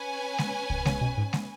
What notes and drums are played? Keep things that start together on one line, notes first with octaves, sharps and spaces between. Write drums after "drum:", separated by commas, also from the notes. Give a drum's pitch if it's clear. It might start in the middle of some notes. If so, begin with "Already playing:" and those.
Already playing: C#4 B4 G#5
drum: snare G#3
drum: kick C2
C#3, drum: snare G#3
B2
G#2
drum: snare G#3